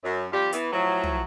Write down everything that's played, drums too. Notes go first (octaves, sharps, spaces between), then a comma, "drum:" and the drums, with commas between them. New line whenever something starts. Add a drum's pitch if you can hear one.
F#2
F2 G3 F4 G4
E3 B3, drum: hi-hat
A2 F3 F#3
drum: tom